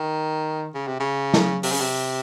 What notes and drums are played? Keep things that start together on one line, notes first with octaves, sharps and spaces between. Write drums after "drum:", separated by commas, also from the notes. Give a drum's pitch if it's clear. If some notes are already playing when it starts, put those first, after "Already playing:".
Already playing: D#3
C#3
C3
C#3
drum: snare
C3, drum: open hi-hat
C#3
C3